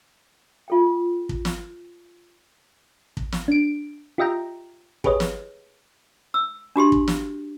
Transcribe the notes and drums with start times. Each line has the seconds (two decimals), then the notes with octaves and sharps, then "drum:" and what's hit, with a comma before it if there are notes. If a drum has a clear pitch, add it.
0.68 F4 A4 G5
1.29 drum: kick
1.45 drum: snare
3.17 drum: kick
3.32 drum: snare
3.48 D4 D7
4.18 F4 G4 D#5 E5 G5 A#5
5.04 G4 G#4 B4 C#5 D#5, drum: kick
5.20 drum: snare
6.34 E6
6.76 D4 F#4 G4 C6
6.92 drum: kick
7.08 drum: snare